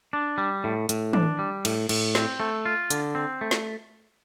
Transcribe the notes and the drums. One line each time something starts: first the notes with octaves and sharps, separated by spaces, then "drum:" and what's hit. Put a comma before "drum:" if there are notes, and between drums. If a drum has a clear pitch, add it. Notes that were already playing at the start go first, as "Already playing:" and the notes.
D4
G3
A2
A2, drum: hi-hat
D4, drum: tom
G3
A2, drum: cymbal
A2, drum: cymbal
C4, drum: snare
A3
F4
D3, drum: hi-hat
C4
A3
drum: snare